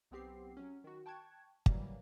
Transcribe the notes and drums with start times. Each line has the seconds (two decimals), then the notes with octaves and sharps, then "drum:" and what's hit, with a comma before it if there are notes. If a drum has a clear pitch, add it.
0.11 B1 B3 C4 G4 C7
0.57 F#3 C#4
0.84 D#3 F#4
1.06 G5 A5 C#6 F#6 G#6
1.66 E3 F#3 G3 A#3, drum: kick